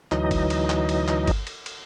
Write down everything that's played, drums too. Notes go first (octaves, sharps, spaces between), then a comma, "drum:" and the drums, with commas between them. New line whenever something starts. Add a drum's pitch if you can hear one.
D2 E3 F#3 D#4 D#5, drum: clap
drum: kick G1, cymbal
drum: cymbal
drum: clap
drum: cymbal
drum: clap
drum: kick G1, cymbal
drum: cymbal
drum: cymbal